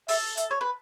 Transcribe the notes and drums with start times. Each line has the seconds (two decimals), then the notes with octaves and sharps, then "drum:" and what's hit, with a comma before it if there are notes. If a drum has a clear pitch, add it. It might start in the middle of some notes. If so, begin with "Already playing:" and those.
0.08 A4 E5, drum: open hi-hat
0.37 E5, drum: hi-hat
0.51 C#5
0.61 B4